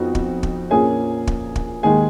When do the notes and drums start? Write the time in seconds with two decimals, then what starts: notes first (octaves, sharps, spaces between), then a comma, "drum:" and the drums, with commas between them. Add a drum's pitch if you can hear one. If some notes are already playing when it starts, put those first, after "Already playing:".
Already playing: F2 F3 B3 D#4 F#4
0.15 drum: kick
0.43 drum: kick
0.71 A#1 A#2 F3 A#3 C#4 G#4 G#5
1.27 drum: kick
1.56 drum: kick
1.83 D#2 D#3 G#3 G#4 G#5